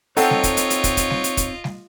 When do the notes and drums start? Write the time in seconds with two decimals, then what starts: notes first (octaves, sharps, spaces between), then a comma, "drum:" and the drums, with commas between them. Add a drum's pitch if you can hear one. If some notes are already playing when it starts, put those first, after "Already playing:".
0.17 C4 D#4 F4 A4 C#5 D#5 F#5 G5, drum: open hi-hat
0.30 drum: snare G3
0.43 drum: kick, hi-hat
0.57 drum: hi-hat
0.70 drum: hi-hat
0.84 drum: kick, hi-hat
0.97 drum: kick, hi-hat
1.10 drum: snare G3
1.24 drum: hi-hat
1.37 drum: kick, hi-hat
1.64 drum: snare G3